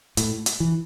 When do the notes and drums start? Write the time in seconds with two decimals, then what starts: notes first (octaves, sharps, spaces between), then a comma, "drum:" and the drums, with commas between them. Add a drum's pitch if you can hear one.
0.17 A2, drum: hi-hat
0.46 drum: hi-hat
0.60 E3